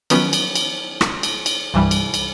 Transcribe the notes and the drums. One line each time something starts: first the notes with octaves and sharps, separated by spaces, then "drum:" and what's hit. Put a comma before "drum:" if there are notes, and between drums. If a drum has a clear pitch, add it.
D#3 F3 F#3 B3 C#4, drum: cymbal
drum: cymbal
drum: cymbal
drum: rim click
drum: cymbal
drum: cymbal
C2 G2 E3 G3
drum: cymbal
drum: cymbal